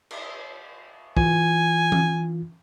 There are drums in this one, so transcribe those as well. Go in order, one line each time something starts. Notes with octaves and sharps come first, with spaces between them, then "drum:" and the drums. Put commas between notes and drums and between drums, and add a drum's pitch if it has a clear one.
drum: cymbal
E3 F4 G#5, drum: kick
drum: tom E3